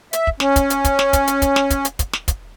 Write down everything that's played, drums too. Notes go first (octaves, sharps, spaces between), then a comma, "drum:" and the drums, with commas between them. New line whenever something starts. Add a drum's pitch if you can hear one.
E5, drum: hi-hat
drum: kick
C#4, drum: snare
drum: kick, hi-hat
drum: hi-hat
drum: kick, hi-hat
drum: snare
drum: kick, hi-hat
drum: hi-hat
drum: kick, hi-hat
drum: snare
drum: kick, hi-hat
drum: hi-hat
drum: kick, hi-hat
drum: snare
drum: kick, hi-hat